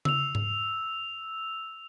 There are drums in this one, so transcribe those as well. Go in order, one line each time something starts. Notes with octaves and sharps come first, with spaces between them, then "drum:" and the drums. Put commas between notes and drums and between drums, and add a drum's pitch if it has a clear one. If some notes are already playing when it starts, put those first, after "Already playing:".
E6 F7, drum: tom C#3
drum: tom G#2